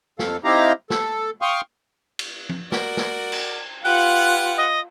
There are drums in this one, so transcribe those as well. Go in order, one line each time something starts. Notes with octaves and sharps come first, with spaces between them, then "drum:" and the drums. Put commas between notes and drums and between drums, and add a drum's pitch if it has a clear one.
F2 A4 F5, drum: snare
C4 D#4 E4 G4 F5 A#5
A4, drum: snare
F5 G5 C6 C#6 D#6 F6
drum: cymbal
drum: tom
F#4 A#4 D5, drum: snare
drum: snare
drum: cymbal
F4 G4 B4 F#5 F#6
D#5